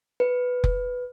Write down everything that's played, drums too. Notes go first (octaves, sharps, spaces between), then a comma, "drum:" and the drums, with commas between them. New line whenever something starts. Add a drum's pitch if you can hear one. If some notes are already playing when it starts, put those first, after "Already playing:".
B4
drum: kick F1